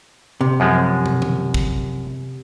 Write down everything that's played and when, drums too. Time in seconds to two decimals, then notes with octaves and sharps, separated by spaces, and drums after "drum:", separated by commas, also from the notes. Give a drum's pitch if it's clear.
0.41 C3
0.60 F#2 F3 G#3
1.06 drum: tom
1.22 drum: tom D#3
1.54 drum: kick